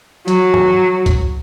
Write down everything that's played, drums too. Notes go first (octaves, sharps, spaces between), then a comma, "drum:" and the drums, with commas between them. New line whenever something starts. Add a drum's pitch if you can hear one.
F#3, drum: hi-hat
drum: tom
drum: kick C2, hi-hat